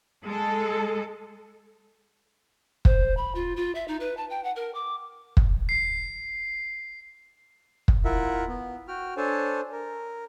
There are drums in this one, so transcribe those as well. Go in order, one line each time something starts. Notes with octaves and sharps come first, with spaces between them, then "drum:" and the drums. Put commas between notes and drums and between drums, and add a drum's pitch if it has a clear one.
G#3 A4
C5, drum: kick
B5
F4
F4
E5
D#4
B4
A5
G5
F#5
A#4
D6
drum: kick
C7
drum: kick
E4 F4 A#4 E5 F#5
B3
F#4 G5 F6
D4 A4 C5 C#5 G#5 A5
A#4